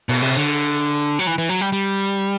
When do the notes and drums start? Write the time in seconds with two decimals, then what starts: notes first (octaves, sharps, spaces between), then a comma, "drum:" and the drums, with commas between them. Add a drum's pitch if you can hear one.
0.09 B2, drum: cymbal
0.22 C3, drum: cymbal
0.37 D3
1.19 F#3
1.27 E3
1.38 E3
1.49 F#3
1.61 G3
1.72 G3